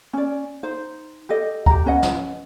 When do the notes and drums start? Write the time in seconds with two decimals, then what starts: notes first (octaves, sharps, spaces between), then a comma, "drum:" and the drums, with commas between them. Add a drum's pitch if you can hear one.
0.13 C#4 D5
0.63 D#4 C5
1.29 G4 A4 D#5
1.66 G4 A#5, drum: kick C#2
1.86 C#4 B4 D#5 F#5
2.03 drum: snare